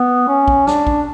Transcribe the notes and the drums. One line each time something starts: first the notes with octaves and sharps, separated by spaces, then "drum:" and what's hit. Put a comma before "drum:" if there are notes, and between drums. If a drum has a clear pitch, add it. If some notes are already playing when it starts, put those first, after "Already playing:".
Already playing: B3
C#4
drum: kick
D4, drum: snare
drum: kick